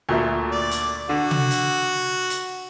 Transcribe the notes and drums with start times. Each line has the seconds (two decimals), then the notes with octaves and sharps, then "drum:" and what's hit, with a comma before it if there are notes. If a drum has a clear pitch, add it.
0.09 D2 A#2 A3
0.52 D5
0.71 drum: hi-hat
1.09 D3 F#4
1.31 drum: tom
1.51 drum: hi-hat
2.30 drum: hi-hat